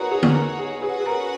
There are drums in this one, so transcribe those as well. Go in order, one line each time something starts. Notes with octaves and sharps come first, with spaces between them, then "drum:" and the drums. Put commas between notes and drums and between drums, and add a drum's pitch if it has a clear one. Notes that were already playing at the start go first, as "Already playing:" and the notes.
Already playing: D#4 F#4 G#4 A#4 B4 C#5 F#5
G#4
drum: tom
A#4
G#4
C#4 F#4 G#4 B4 F#5
G#4
A#4